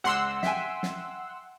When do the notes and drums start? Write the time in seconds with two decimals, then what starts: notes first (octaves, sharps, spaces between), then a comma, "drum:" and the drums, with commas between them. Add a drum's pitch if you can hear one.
0.04 C#2 F#5 C6 E6
0.43 E5 G5 G#5, drum: snare
0.83 drum: snare